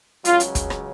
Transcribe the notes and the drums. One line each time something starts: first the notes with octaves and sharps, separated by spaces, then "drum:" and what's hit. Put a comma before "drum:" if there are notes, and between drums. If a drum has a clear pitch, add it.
C#2 C#3 F#3 F4, drum: hi-hat
drum: hi-hat
drum: kick, hi-hat
drum: rim click